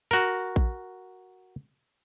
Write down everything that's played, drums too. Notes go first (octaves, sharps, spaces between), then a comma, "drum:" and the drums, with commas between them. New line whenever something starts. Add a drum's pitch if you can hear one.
F#4 A#4, drum: open hi-hat
drum: kick A#1